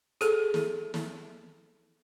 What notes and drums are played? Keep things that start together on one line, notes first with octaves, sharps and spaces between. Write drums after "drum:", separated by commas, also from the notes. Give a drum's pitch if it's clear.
G#4 A4, drum: hi-hat
drum: snare
drum: snare